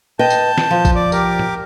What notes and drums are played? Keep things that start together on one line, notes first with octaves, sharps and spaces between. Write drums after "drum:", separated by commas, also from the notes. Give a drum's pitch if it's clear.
B4 D#5 G5 A5 G6
drum: tambourine
drum: snare
F3
drum: kick A#1, tambourine
D5 D6
G4 A#4 D6, drum: tambourine
drum: tom